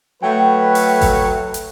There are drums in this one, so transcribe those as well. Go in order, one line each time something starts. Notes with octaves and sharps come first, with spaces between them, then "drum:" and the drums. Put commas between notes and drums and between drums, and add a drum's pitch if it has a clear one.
F#3 A3 B4 G5
drum: open hi-hat
drum: kick G#1, open hi-hat
drum: hi-hat